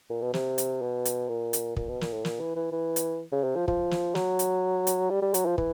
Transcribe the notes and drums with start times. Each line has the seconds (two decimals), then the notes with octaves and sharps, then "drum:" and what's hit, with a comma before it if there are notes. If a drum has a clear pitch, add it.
0.10 A#2
0.22 B2
0.34 C3, drum: snare
0.58 drum: hi-hat
0.82 B2
1.05 drum: hi-hat
1.29 A#2
1.53 drum: hi-hat
1.76 A#2, drum: kick
1.89 B2
2.01 A#2, drum: snare
2.13 A2
2.25 A#2, drum: snare
2.40 E3
2.56 E3
2.72 E3
2.96 drum: hi-hat
3.32 C#3
3.44 C3
3.56 F3
3.68 F3, drum: kick
3.91 drum: snare
4.15 F#3, drum: snare
4.39 drum: hi-hat
4.87 drum: hi-hat
5.10 G3
5.22 G3
5.34 F#3, drum: hi-hat
5.46 F3
5.58 E3, drum: kick